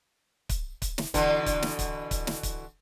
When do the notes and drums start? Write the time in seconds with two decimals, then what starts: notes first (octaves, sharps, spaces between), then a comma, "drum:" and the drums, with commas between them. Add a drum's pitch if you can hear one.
0.49 drum: kick C#1, hi-hat
0.82 drum: kick C#1, hi-hat
0.98 drum: snare
1.14 B2 D3 E3, drum: kick C#1, hi-hat
1.46 drum: kick C#1, hi-hat
1.62 drum: snare
1.79 drum: kick C#1, hi-hat
2.11 drum: kick C#1, hi-hat
2.27 drum: snare
2.43 drum: kick C#1, hi-hat